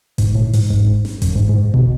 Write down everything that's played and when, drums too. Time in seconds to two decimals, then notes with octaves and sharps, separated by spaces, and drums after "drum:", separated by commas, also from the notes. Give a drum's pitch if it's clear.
0.18 G#2, drum: kick G1, hi-hat
0.35 A2
0.53 G#2, drum: open hi-hat
0.70 G#2, drum: kick G1
1.05 drum: snare
1.22 F#2, drum: kick G1, hi-hat
1.35 G#2
1.49 G#2
1.74 B2, drum: kick G1